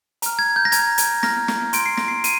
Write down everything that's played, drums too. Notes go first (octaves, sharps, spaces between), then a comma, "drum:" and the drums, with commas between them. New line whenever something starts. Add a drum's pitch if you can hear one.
A#5 F6, drum: hi-hat
G#6
G6
A#6
A#5 F6 G#6, drum: hi-hat
drum: hi-hat
A#5 F6 A#6, drum: snare
drum: snare
C6 G6 D7, drum: hi-hat
C7
A#6, drum: snare
C7
C6 D#7, drum: hi-hat